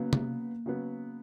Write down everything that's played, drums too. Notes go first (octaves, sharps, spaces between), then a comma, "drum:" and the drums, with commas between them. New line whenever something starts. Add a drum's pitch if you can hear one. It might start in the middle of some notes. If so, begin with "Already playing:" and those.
Already playing: C#3 F#3 A#3 B3
drum: tom C3
C#3 F#3 B3